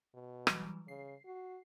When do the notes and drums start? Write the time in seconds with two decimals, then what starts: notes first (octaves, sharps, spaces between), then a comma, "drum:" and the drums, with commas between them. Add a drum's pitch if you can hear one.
0.14 B2
0.47 E3 F#3 G3, drum: rim click
0.88 C#3 C7
1.26 F#4